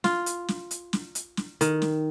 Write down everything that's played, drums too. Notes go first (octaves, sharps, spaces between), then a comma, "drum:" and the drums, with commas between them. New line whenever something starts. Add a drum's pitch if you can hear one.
F4, drum: snare
drum: hi-hat
drum: snare
drum: hi-hat
drum: snare
drum: hi-hat
drum: snare
D#3, drum: hi-hat
drum: snare